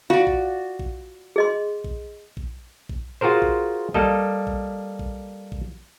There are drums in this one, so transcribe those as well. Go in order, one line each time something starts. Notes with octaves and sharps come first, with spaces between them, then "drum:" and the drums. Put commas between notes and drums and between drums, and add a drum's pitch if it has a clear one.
F4 F#4 D5 F5
drum: kick A#1
drum: kick A#1
G#4 D#5 C6
drum: kick A#1
drum: kick A#1
drum: kick A#1
F4 F#4 G#4 A#4 C5
drum: kick A#1
G3 A#3 A4 D#5, drum: kick A#1
drum: kick A#1
drum: kick A#1
drum: kick A#1